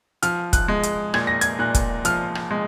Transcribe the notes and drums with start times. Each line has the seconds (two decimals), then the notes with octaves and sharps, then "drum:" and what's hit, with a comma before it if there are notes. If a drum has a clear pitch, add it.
0.23 F3 F6, drum: hi-hat
0.53 F#6, drum: kick, hi-hat
0.68 G#3
0.83 drum: hi-hat
1.14 A#2 G#6, drum: rim click
1.27 A#6
1.41 G#6, drum: hi-hat
1.59 A#2 F#6
1.75 drum: kick, hi-hat
2.05 F3 F6, drum: hi-hat
2.35 drum: rim click
2.51 G#3